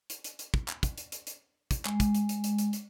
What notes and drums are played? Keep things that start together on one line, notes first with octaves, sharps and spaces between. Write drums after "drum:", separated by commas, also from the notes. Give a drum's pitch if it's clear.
drum: hi-hat
drum: hi-hat
drum: hi-hat
drum: kick
drum: clap
drum: kick, hi-hat
drum: hi-hat
drum: hi-hat
drum: hi-hat
drum: kick, hi-hat
G#3, drum: clap
drum: kick, hi-hat
drum: hi-hat
drum: hi-hat
drum: hi-hat
drum: hi-hat
drum: hi-hat